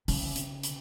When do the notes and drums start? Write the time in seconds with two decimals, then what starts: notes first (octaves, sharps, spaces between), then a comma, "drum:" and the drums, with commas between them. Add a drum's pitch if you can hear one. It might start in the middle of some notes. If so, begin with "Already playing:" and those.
0.08 C#3, drum: open hi-hat
0.36 drum: hi-hat
0.63 drum: hi-hat